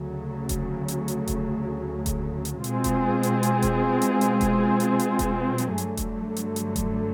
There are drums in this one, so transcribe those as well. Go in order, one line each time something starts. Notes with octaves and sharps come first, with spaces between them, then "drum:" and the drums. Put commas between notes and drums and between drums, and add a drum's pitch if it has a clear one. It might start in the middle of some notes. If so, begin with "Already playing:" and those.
Already playing: D2 C#3 F#3 A3
drum: kick E1, hi-hat
drum: hi-hat
drum: hi-hat
drum: kick E1, hi-hat
drum: kick E1, hi-hat
drum: hi-hat
B2 G#3 C4 F4 G#4, drum: hi-hat
drum: kick E1, hi-hat
drum: hi-hat
drum: hi-hat
drum: kick E1, hi-hat
drum: hi-hat
drum: hi-hat
drum: kick E1, hi-hat
drum: hi-hat
drum: hi-hat
drum: kick E1, hi-hat
drum: hi-hat
G2 D3 F#3 A3, drum: hi-hat
drum: kick E1, hi-hat
drum: hi-hat
drum: hi-hat
drum: kick E1, hi-hat